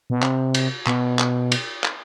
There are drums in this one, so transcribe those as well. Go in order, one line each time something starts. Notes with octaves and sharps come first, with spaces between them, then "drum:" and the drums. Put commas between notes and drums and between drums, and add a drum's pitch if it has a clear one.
B2
C3, drum: clap
drum: cymbal
B2, drum: clap
drum: clap
drum: cymbal
drum: clap